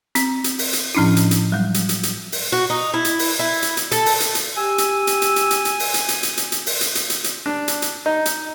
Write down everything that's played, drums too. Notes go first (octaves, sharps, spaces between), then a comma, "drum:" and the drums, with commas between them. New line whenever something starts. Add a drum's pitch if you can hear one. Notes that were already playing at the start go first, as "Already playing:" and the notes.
C4, drum: hi-hat
drum: hi-hat
drum: open hi-hat
drum: hi-hat
A2 F3 C#4 D4 E4
drum: hi-hat
drum: hi-hat
F#3 G3
drum: hi-hat
drum: hi-hat
drum: hi-hat
drum: open hi-hat
F#4
D#4
E4
drum: hi-hat
drum: open hi-hat
E4
drum: hi-hat
drum: hi-hat
A4, drum: hi-hat
drum: open hi-hat
drum: hi-hat
drum: hi-hat
G4 G#5 E6
drum: hi-hat
drum: hi-hat
drum: hi-hat
drum: hi-hat
drum: hi-hat
drum: hi-hat
drum: open hi-hat
drum: hi-hat
drum: hi-hat
drum: hi-hat
drum: hi-hat
drum: hi-hat
drum: open hi-hat
drum: hi-hat
drum: hi-hat
drum: hi-hat
drum: hi-hat
D4
drum: hi-hat
drum: hi-hat
D#4
drum: hi-hat